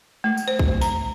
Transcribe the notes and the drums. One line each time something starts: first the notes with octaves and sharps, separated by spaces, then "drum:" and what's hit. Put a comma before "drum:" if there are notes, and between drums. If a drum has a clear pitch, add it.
A3
drum: tambourine
C5
drum: kick A#1
A#5, drum: tambourine